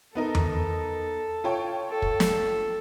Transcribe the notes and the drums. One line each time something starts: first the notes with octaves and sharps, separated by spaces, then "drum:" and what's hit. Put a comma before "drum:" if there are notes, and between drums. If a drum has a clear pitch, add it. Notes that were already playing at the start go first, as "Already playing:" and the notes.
B3 D#4 A4 A#4
drum: tom E2
F4 C#5 G5
A4
drum: kick
drum: snare